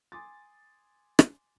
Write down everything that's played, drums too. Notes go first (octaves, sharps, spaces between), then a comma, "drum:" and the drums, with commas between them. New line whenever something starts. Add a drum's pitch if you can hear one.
G#5 C6 D6 D#6 A6
drum: rim click